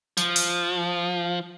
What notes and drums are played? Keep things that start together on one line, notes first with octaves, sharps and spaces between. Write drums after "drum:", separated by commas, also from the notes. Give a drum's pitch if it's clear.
F3, drum: tambourine
drum: open hi-hat